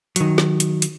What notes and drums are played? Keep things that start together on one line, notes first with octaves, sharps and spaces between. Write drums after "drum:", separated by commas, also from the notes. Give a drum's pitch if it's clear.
D#3 F#3, drum: hi-hat
drum: snare
drum: hi-hat
drum: hi-hat